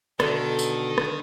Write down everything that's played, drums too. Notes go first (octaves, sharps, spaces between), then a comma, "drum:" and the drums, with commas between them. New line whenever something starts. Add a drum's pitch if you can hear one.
B2 D3 D#3 A4, drum: rim click
drum: tambourine
drum: rim click